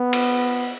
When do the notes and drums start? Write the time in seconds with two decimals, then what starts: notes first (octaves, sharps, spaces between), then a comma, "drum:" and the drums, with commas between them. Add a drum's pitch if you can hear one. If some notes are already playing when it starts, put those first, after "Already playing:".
Already playing: B3
0.13 drum: cymbal